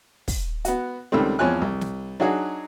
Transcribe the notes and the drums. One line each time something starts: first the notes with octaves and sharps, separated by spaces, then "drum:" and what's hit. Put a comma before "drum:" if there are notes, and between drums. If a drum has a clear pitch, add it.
drum: kick, open hi-hat
B3 F#4, drum: hi-hat
C#2 D#3 G3 A3 C4
E2 F3 C4 C#5 G#5 F#6
C2
drum: snare
F#3 D4 D#4 F#4 G#4